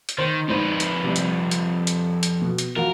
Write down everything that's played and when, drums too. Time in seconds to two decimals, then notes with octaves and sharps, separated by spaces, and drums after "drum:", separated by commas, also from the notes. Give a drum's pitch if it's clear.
0.09 drum: hi-hat
0.18 D#3 C5
0.48 F2 G#2 B4 C5 D#7
0.80 drum: hi-hat
1.04 C3 G3
1.16 drum: hi-hat
1.51 drum: hi-hat
1.87 drum: hi-hat
2.23 drum: hi-hat
2.41 B2
2.58 drum: hi-hat
2.76 F2 F#4 A#4 F5